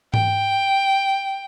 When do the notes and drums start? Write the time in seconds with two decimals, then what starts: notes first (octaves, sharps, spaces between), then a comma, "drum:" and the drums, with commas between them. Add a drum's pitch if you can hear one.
0.14 G5, drum: tom G#2